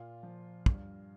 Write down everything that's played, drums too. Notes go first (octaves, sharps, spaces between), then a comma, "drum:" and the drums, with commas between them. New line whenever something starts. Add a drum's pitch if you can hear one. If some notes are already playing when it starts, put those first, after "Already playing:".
Already playing: A#2 F4
F3
G2, drum: kick